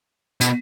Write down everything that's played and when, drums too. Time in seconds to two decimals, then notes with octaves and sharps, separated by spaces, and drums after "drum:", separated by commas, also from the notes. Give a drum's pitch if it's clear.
0.41 B2, drum: hi-hat